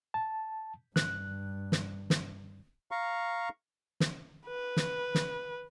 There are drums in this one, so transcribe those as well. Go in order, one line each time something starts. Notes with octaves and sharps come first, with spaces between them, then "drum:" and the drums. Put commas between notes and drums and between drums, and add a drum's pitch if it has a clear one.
A5
G2 F#6, drum: snare
drum: snare
drum: snare
F5 A#5 C#6
drum: snare
B4
drum: snare
drum: snare